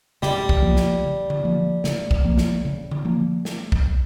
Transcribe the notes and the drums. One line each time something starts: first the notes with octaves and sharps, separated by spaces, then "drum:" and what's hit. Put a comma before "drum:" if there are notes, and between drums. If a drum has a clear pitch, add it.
C#3 G3, drum: snare
drum: kick B1
F3 A#3
drum: snare
C#3
drum: tom D3
F3 A#3
C#3, drum: snare
drum: kick B1
F3 A#3
drum: snare
C#3
drum: tom D3
F3 A#3
drum: snare
drum: kick B1